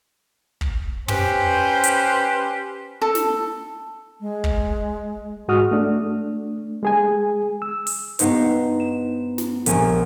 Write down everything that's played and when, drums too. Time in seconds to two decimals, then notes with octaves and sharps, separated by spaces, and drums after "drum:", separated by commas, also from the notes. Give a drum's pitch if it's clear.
0.61 drum: kick
1.08 C#4 G4 B4 C5, drum: tom
1.84 drum: hi-hat
3.02 A4
3.15 drum: snare
4.20 G#3
4.44 drum: kick
5.48 G#2 G#3 F#4 D#6 F6
5.71 A3 D4
6.83 G#3 G#4 G#5
7.62 E6
7.87 drum: open hi-hat
8.19 G2 B3 D#4 C5, drum: hi-hat
8.80 E7
9.38 drum: snare
9.66 A#1 G2 C#4 G#5, drum: hi-hat